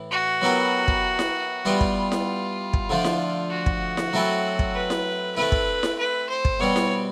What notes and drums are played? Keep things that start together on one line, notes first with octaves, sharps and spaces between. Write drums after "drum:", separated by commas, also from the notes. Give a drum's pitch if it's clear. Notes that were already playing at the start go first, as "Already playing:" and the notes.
Already playing: A2 E3
F#4
F#3 B3 E4 G4 A#4
drum: kick
drum: snare E4
G3 B3 E4 F4 G4
drum: kick
drum: snare E4
drum: kick
D3 F3 A3
drum: snare E4
F#4
drum: kick
drum: snare E4
F#3 A3 C4 E4 A4
drum: kick
B4
drum: snare E4
A3 C4 E4 B4
drum: kick
drum: snare E4
B4
C5
drum: kick
B2 G3 C4 C#5
drum: snare E4